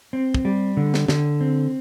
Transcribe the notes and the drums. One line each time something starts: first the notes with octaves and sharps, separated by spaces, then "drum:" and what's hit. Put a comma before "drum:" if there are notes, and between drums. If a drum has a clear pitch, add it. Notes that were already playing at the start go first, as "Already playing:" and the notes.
C4
drum: kick
G3
D3
drum: snare
D3, drum: snare
C4